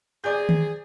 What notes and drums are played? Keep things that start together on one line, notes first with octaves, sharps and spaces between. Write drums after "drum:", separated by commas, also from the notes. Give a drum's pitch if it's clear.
C3 G#4 D5 G6
drum: tom D#3